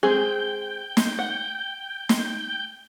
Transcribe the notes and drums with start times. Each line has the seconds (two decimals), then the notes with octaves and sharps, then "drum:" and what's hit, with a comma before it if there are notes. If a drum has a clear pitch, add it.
0.03 G#3 C4 G#4 G5 G6
0.97 drum: snare
1.19 F#5
2.09 drum: snare